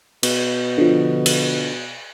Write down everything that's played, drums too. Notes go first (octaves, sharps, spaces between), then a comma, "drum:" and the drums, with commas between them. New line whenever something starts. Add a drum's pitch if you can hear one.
B2, drum: cymbal
D3 F3
drum: cymbal